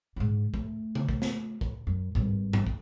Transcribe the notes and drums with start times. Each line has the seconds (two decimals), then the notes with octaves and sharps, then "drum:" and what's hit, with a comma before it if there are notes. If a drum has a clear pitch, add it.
0.16 G#2 D3
0.54 A3, drum: kick
0.95 drum: tom C#3
1.09 drum: kick
1.22 drum: snare
1.61 drum: kick
1.87 F#2
2.15 G#1 G2, drum: kick
2.53 drum: tom G2
2.67 drum: kick